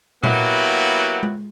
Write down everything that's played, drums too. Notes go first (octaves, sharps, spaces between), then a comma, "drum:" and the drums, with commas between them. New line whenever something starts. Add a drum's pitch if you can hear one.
F#3 A#3 B3 E4 F#4 G4, drum: tom A#2
drum: tom G#3